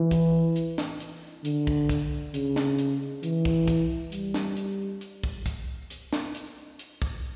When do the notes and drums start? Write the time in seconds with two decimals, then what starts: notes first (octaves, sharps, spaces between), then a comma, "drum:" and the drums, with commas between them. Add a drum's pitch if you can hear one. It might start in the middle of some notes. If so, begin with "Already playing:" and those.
Already playing: E3
0.11 drum: kick, hi-hat
0.56 drum: hi-hat
0.78 drum: snare
1.00 drum: hi-hat
1.45 D3, drum: hi-hat
1.67 drum: kick
1.89 drum: kick, hi-hat
2.34 C#3, drum: hi-hat
2.56 drum: snare
2.79 drum: hi-hat
3.23 E3, drum: hi-hat
3.45 drum: kick
3.68 drum: kick, hi-hat
4.12 G3, drum: hi-hat
4.34 drum: snare
4.57 drum: hi-hat
5.01 drum: hi-hat
5.23 drum: kick
5.46 drum: kick, hi-hat
5.90 drum: hi-hat
6.13 drum: snare
6.35 drum: hi-hat
6.79 drum: hi-hat
7.02 drum: kick